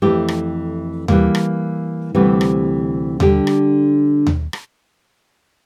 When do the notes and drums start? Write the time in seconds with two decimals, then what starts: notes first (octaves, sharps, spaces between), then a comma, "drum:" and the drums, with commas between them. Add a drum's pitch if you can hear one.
0.02 F2 E3 A3 E4 G4
0.28 drum: rim click
1.08 E3 G3 A#3, drum: tom D#2
1.35 drum: rim click
2.15 D2 C3 E3 G3 C4
2.41 drum: rim click
3.20 D3 G3 D4 G4, drum: tom D#2
3.47 drum: rim click
4.27 drum: tom D#2
4.53 drum: rim click